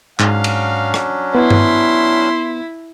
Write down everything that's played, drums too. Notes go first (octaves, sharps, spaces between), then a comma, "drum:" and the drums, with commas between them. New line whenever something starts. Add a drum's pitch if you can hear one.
G#2 F#3 C#4 D4 F5, drum: clap
drum: cymbal
drum: rim click
B3 E4 C6
drum: tom G2